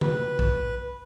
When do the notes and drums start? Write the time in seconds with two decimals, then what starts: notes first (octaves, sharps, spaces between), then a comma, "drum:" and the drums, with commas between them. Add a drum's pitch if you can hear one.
0.01 B4, drum: tom C#3
0.39 drum: kick B1